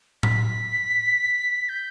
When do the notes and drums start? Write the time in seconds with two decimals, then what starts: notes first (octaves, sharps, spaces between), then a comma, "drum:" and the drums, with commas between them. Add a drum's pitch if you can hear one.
0.23 B6, drum: tom A2
1.69 G6